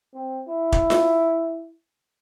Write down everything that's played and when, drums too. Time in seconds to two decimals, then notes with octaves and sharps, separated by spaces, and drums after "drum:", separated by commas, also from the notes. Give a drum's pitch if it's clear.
0.14 C4
0.48 E4
0.72 drum: kick
0.90 drum: snare F4